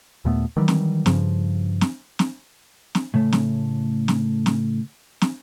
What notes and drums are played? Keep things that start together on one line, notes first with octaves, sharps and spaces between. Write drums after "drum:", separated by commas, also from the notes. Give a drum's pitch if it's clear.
D#2 A#2 A3 B3
D#3 E3 F#3 G3
drum: snare
G2 C#3 F3, drum: snare
drum: snare
drum: snare
drum: snare
A2 C#3 A3
drum: snare
drum: snare
drum: snare
drum: snare